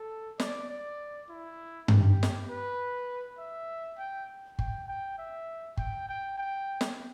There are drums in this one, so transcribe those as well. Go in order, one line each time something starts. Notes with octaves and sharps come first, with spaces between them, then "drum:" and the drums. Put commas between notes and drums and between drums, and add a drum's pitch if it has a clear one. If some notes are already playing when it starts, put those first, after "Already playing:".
Already playing: A4
D5, drum: snare
D5
E4
G4, drum: tom G2
drum: snare
B4
E5
G5
G5, drum: kick G1
G5
E5
G5, drum: kick G1
G5
G5
drum: snare